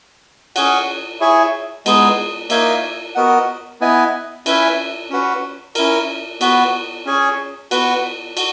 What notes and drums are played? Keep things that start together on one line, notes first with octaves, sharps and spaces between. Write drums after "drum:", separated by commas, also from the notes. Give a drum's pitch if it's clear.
C#4 G#4 C#5 F#5, drum: cymbal
E4 G#4 C#5 E5 G#5
G#3 B3 D#4 G#4, drum: cymbal
A#3 D#4 A#4 C#5 E5, drum: cymbal
B3 F#4 A#4 D#5 F#5
B3 E4 B4 D#5 G#5
C#4 E4 B4 E5 G#5, drum: cymbal
C#4 F#4 B4 F#5
C#4 E4 A#4, drum: cymbal
B3 F#4 B4, drum: cymbal
C#4 G#4 C#5 G#5
B3 F#4 B4 F#5, drum: cymbal
F#4, drum: cymbal